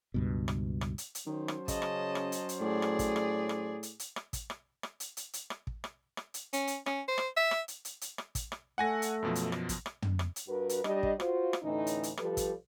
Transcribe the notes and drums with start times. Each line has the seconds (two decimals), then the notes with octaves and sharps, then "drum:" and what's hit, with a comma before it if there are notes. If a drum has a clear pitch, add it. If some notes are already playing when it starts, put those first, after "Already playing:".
0.14 C#2 G2 B2
0.48 drum: rim click
0.81 drum: rim click
0.98 drum: hi-hat
1.15 drum: hi-hat
1.27 D#3 F#3 C#4 C5
1.48 drum: rim click
1.68 C#3 D#5 A5, drum: kick, hi-hat
1.82 drum: rim click
2.15 drum: rim click
2.32 drum: hi-hat
2.49 drum: hi-hat
2.61 A2 G#4 D5
2.82 drum: rim click
2.99 drum: kick, hi-hat
3.16 drum: rim click
3.49 drum: rim click
3.83 drum: hi-hat
3.99 drum: hi-hat
4.16 drum: rim click
4.33 drum: kick, hi-hat
4.50 drum: rim click
4.83 drum: rim click
5.00 drum: hi-hat
5.17 drum: hi-hat
5.33 drum: hi-hat
5.50 drum: rim click
5.67 drum: kick
5.84 drum: rim click
6.17 drum: rim click
6.34 drum: hi-hat
6.53 C#4, drum: hi-hat
6.67 drum: hi-hat
6.86 C#4, drum: rim click
7.08 C5
7.18 drum: rim click
7.37 E5
7.51 drum: rim click
7.68 drum: hi-hat
7.85 drum: hi-hat
8.01 drum: hi-hat
8.18 drum: rim click
8.35 drum: kick, hi-hat
8.52 drum: rim click
8.78 A3 F#5 G#5 A#6
9.02 drum: hi-hat
9.23 F#2 B2 F3
9.35 drum: hi-hat
9.52 drum: rim click
9.69 drum: kick, hi-hat
9.86 drum: rim click
10.02 drum: tom
10.19 drum: rim click
10.36 drum: hi-hat
10.48 G2 F#4 A#4 B4
10.69 drum: hi-hat
10.84 G3 D4 D#5, drum: rim click
11.03 drum: kick
11.20 F4 F#4 C5, drum: rim click
11.53 drum: rim click
11.62 D2 A2 E3 C#4 D#4
11.87 drum: hi-hat
12.03 drum: hi-hat
12.17 F3 G3 G4 A4 B4, drum: rim click
12.37 drum: kick, hi-hat